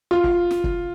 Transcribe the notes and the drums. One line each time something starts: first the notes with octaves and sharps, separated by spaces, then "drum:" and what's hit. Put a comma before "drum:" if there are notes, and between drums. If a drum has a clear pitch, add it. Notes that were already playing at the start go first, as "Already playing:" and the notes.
F4
drum: kick
drum: snare
drum: kick